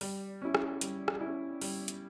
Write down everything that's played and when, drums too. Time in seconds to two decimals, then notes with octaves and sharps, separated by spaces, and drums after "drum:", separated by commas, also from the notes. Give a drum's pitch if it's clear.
0.01 G3, drum: open hi-hat
0.42 C#4 E4
0.55 drum: rim click
0.81 G3, drum: hi-hat
1.08 drum: rim click
1.21 E4
1.26 C#4
1.61 G3, drum: open hi-hat
1.88 drum: hi-hat